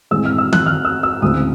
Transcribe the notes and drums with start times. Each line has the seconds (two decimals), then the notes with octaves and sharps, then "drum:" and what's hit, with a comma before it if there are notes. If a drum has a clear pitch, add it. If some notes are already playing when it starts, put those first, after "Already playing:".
0.11 A2 E3 G#3 C4 E6
0.25 F6
0.38 E6
0.53 F#6, drum: tom D#3
0.66 F6
0.85 E6
1.03 E6
1.22 D2 C#3 E3 G#3 C4 D#6